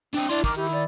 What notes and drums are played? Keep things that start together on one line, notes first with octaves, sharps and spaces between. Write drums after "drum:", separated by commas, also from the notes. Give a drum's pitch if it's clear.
C4 D4 D#5
D4 E4 D5 C6
D#3 A#4 D6, drum: kick
E4 G4
D5